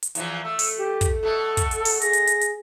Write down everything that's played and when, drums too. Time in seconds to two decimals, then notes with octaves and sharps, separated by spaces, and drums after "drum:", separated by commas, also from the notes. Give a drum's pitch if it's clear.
0.03 drum: hi-hat
0.15 E2 E3 F3, drum: hi-hat
0.45 A3 E6
0.59 drum: open hi-hat
0.78 G4
1.01 drum: kick, hi-hat
1.23 B2 A3 A4
1.57 drum: kick, hi-hat
1.71 drum: hi-hat
1.85 drum: open hi-hat
2.02 G#4 A#6, drum: hi-hat
2.13 drum: hi-hat
2.27 drum: hi-hat
2.41 drum: hi-hat